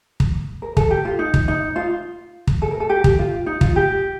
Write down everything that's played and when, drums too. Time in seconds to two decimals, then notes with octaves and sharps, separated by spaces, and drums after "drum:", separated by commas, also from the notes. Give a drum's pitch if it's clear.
0.20 drum: kick
0.62 A#4
0.77 A4, drum: kick
0.91 G4
1.05 F4
1.19 D#4
1.34 drum: kick
1.48 D#4
1.76 F4
2.47 drum: kick
2.62 A4
2.71 A#4
2.80 A4
2.90 G4
3.04 G4, drum: kick
3.19 F4
3.46 D#4
3.61 F4, drum: kick
3.76 G4